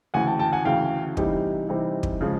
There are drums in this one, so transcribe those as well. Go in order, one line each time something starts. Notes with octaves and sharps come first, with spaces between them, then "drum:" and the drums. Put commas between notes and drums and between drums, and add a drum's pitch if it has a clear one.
D2 C#3 E3 F#5 G#5
G5 A5
G5 A5
F#5 G#5
D2 C#3 E3 F5 G5
C3 E3 G3 C4 D#4, drum: kick
C3 E3 G3 C4 D#4
drum: kick
C#3 F3 G#3